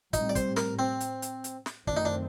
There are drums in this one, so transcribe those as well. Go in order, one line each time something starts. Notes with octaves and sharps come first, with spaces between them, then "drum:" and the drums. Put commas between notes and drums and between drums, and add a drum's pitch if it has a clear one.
A2 G3 C4 D#4, drum: kick, hi-hat
D5
C5, drum: kick, hi-hat
A#4, drum: snare
C4
drum: hi-hat
drum: hi-hat
drum: hi-hat
drum: snare
F#2 D#3 A3 C4 D4, drum: kick
D#4
D4